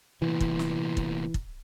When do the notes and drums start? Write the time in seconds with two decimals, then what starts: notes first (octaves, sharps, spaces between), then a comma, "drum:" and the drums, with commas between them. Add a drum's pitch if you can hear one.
0.22 C2 A#2 E3
0.40 drum: kick
0.59 drum: snare
0.97 drum: kick
1.34 drum: kick